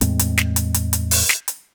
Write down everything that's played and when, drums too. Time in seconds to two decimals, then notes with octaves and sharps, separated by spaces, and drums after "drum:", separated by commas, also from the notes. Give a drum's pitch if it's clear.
0.01 E2 A2 G#3 C4, drum: hi-hat
0.19 drum: hi-hat
0.38 drum: snare
0.56 drum: hi-hat
0.74 drum: hi-hat
0.93 drum: hi-hat
1.11 drum: open hi-hat
1.29 drum: snare
1.48 drum: hi-hat